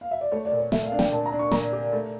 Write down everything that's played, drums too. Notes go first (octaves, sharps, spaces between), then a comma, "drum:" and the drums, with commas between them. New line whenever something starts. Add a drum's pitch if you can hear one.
F5
E5
D5
A3 C#5
D5
A#2
C#5
A3 E5, drum: snare
F5
D4
G5, drum: snare
A#2 A5
A#5
D4
C#6
A#2 A#5, drum: snare
G4
A3